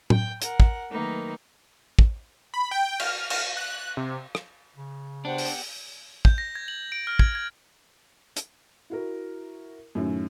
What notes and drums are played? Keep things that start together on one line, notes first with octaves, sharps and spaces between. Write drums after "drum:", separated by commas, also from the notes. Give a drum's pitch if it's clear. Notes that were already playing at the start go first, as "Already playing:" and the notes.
G5 G6, drum: tom
A#4 F#5, drum: hi-hat
drum: kick
D#3 F#3 A3 A#3 D#4 B4
drum: kick
B5
G5
F6, drum: cymbal
drum: cymbal
F#6
C3
drum: rim click
C#3
B3 D4 G4 C5 F#5
drum: open hi-hat
G6, drum: kick
A#6
G#6
F#7
D7
F6
G#6, drum: kick
G#6
drum: hi-hat
E4 F#4 A#4
F#2 A2 D#3 C#4